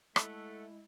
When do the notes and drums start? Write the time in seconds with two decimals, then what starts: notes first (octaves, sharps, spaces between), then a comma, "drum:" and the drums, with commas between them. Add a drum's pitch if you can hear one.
0.16 G#3 A3 E4 D#5 E5 F#5, drum: rim click